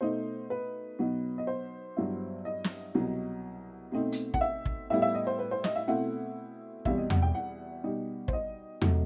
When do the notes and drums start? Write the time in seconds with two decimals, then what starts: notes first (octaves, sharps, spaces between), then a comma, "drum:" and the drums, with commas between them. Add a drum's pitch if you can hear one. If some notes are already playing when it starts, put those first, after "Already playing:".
0.01 B2 A3 D#4 C5
0.50 B4
0.99 B2 F#3 B3 D#4
1.38 D#5
1.47 C5
1.97 G2 F#3 B3 E4
2.45 D#5
2.64 drum: snare
2.94 C2 B2 F#3
3.92 B2 A3 C4 D#4
4.12 drum: hi-hat
4.34 F#5, drum: kick
4.41 E5
4.66 drum: kick
4.90 A2 G3 B3 E4 E5
5.02 E5
5.14 D#5
5.27 C5
5.39 B4
5.51 C5
5.64 D#5, drum: snare
5.76 E5
5.88 B2 A3 C4 E4 F#5
6.85 E2 B2 G3 C4 E4 E5, drum: kick
6.98 D#5
7.10 F#5, drum: tom E2
7.22 G5
7.35 F#5
7.84 B2 G3 D#4
8.28 C5, drum: kick
8.33 D#5
8.81 C3 F#3 A3, drum: tom E2